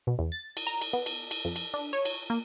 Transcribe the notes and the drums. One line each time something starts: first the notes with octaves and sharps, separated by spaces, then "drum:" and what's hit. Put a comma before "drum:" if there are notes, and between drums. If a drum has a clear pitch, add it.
B2
E2
A6
drum: cymbal
A#5
drum: cymbal
B3
drum: cymbal
drum: cymbal
F2
drum: cymbal
D4
C#5
drum: cymbal
A#3